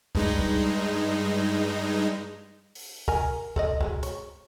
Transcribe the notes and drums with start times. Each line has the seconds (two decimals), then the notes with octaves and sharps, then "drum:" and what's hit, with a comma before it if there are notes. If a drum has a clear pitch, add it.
0.15 G2 G#3 D#4, drum: kick
0.39 drum: kick
2.75 drum: open hi-hat
3.08 A#4 G#5, drum: kick
3.56 A4 D5 D#5, drum: kick
3.81 F#3 G#3, drum: kick
4.03 C#5, drum: hi-hat